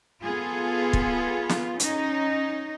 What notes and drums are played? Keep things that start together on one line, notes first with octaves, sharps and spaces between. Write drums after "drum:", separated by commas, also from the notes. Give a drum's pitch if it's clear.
B3 F4 G#4 A4
drum: kick
drum: snare
C#4 D#4, drum: hi-hat